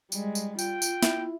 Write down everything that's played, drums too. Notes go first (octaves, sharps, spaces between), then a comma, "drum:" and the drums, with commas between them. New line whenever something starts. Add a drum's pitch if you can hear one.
G3 G#3, drum: tambourine
drum: tambourine
F4 G5, drum: tambourine
drum: tambourine
E4, drum: snare